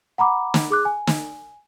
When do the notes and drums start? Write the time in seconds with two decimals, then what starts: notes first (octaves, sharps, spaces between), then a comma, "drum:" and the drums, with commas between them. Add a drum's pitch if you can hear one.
0.18 F#5 A#5 B5 D6
0.54 drum: snare
0.70 G#4 D6 F#6
0.85 G#5
1.07 drum: snare